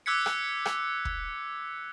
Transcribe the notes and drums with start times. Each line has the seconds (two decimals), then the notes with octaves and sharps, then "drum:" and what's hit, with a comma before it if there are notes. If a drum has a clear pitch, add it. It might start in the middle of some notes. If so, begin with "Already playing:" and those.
0.06 D6 E6 F#6 G#6 B6 C#7
0.26 drum: rim click
0.65 drum: rim click
1.05 drum: kick